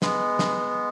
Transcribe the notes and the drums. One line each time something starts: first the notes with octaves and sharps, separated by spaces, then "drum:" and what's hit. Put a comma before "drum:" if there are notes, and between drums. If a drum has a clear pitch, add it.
G#3 B3, drum: snare
drum: snare